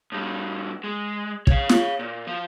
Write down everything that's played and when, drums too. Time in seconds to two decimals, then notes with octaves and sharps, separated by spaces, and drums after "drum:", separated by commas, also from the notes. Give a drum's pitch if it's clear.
0.12 A2 G3
0.84 G#3
1.47 C#5 F5, drum: kick
1.69 drum: snare
1.99 A#2
2.27 F3